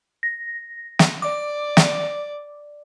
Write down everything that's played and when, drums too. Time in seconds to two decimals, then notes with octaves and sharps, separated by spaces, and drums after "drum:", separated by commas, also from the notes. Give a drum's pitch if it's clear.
0.23 A#6
0.99 drum: snare
1.22 D5 D6
1.77 drum: snare